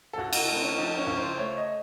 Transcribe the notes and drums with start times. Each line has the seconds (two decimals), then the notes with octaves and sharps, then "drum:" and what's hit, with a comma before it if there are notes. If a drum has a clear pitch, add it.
0.13 A4
0.18 C#2 F#4
0.33 F#4, drum: cymbal
0.48 A3
0.54 C4
0.62 C#4
0.77 F3 D#4
0.98 C#4
1.07 C#2
1.17 C5
1.37 A3 C#5
1.57 D#5